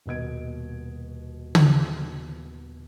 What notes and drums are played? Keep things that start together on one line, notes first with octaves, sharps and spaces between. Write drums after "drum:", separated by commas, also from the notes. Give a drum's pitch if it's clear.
D#1 B2 D#5 G#6 D7
drum: tom